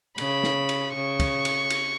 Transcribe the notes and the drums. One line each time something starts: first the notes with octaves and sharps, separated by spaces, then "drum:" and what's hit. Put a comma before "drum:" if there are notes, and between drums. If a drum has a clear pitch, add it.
C#3 B5, drum: cymbal
drum: snare
drum: cymbal
C#3 C#6
drum: kick, cymbal
drum: cymbal
drum: cymbal